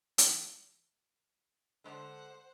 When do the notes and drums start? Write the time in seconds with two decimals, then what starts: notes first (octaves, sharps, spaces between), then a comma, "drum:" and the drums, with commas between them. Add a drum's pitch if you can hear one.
0.18 drum: hi-hat
1.84 D3 G#3 C5 F#5 A5